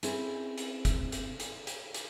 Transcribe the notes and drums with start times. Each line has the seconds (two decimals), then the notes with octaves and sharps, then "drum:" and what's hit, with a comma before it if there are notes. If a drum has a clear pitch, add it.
0.03 C4 C#4 E4 G#4, drum: hi-hat
0.58 drum: hi-hat
0.85 drum: kick F1, hi-hat
1.12 drum: hi-hat
1.40 drum: hi-hat
1.67 drum: hi-hat
1.94 drum: hi-hat